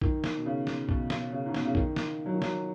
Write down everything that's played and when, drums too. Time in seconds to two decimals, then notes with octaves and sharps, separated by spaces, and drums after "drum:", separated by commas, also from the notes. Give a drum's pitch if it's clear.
0.01 D#3, drum: kick A#1
0.24 drum: snare
0.37 B2
0.46 C#3
0.67 drum: snare
0.89 B2, drum: kick A#1
1.10 drum: snare
1.32 C#3
1.46 G#2
1.54 B2, drum: snare
1.65 C#3
1.75 D#3, drum: kick A#1
1.96 drum: snare
2.26 F#3
2.34 D#3
2.42 F#3, drum: snare